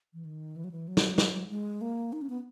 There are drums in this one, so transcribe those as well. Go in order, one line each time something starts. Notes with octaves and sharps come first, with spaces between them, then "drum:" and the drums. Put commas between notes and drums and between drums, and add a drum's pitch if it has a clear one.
E3
D#3
E3
F#3
E3
F#3
drum: snare
drum: snare
G#3
A#3
D#4
C#4
B3